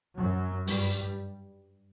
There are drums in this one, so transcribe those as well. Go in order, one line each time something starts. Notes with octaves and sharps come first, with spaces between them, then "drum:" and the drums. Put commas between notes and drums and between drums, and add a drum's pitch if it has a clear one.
F#2 F#3
G2 G3, drum: open hi-hat